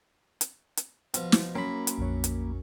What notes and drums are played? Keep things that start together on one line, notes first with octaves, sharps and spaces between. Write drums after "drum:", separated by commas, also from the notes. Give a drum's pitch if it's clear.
drum: hi-hat
drum: hi-hat
B2 F3, drum: hi-hat
drum: snare
F#2 A#3 C#5 B5 C6
drum: hi-hat
A#1 F2 C#5
drum: hi-hat